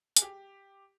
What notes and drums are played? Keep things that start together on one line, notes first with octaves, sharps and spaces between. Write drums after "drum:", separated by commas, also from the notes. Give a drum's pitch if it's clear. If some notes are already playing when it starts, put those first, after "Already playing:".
G#4, drum: hi-hat
G4